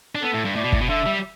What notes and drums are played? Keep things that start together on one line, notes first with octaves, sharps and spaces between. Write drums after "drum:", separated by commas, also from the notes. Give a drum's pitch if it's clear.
D4
B3 A4
A2
G2
A2 D5
B2
A2, drum: kick
B2
D3 E5
G3